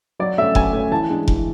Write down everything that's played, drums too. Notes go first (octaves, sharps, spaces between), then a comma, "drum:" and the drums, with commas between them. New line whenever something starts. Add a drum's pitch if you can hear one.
F#3 D5
A3 C#4 E5
F#3 G#5, drum: kick F1
A3 C#4
E3 A5
G#3 D4
E3, drum: kick F1